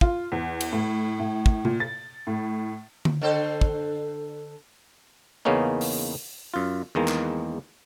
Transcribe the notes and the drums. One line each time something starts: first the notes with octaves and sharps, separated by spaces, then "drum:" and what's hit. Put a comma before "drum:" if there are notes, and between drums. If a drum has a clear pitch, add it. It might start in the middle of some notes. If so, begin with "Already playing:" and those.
F4, drum: kick
E2
drum: cymbal
A2
A2
drum: kick
A#2, drum: tom C3
A6
A2
drum: tom D3
D3 A4 C5
drum: kick
E2 C#3 A#3 B3 C#4 D#4
drum: open hi-hat
F#2 F4
E2 D#3 G#3 A#3
drum: clap